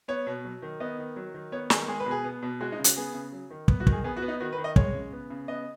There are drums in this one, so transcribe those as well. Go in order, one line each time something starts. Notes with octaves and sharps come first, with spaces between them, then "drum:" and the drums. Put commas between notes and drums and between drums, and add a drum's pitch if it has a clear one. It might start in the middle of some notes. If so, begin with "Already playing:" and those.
B3 C#5
B2
F#3
D#3
B3 D#5
D#3
F#3
D#3
B3 C#5
D#3 G#4, drum: snare
G#3 G#4
B4
B2 G#4
B3
B2
G#3 F#4
D#4
C#3
F#4, drum: hi-hat
B3 G#4
C#3
F#3
D#3
B3, drum: kick
F#4
D#3, drum: kick
G#4
B3 G#4
F#4
B3
D#4
D#3 F#4
B4
D#3
D#5
G#3 C#5, drum: kick
C#3
B3
C#3
B3 D#5